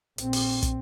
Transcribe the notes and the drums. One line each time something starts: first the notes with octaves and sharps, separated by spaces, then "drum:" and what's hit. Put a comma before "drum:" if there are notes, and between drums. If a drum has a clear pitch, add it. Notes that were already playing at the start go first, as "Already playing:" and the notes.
A#1 C4, drum: hi-hat
drum: open hi-hat
drum: kick, hi-hat